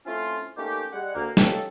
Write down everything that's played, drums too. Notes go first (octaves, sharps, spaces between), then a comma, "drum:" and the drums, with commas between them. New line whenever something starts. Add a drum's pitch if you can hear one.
A3 C4 C#4 E4 F4
A3 A#3 C#4 D#4 G4
G3 G#3 F#5
D2 A#3
C#4 D#4 F4 G4 A4, drum: snare